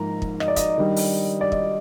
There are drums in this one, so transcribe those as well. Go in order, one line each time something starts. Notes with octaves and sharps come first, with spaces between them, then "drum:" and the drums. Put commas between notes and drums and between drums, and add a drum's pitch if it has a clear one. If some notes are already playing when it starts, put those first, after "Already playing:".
Already playing: G#2 F3 A#3 A#5
drum: kick
D#5, drum: rim click
D5
D#5, drum: kick, hi-hat
D#3 G3 D4
drum: open hi-hat
D5
D#5, drum: kick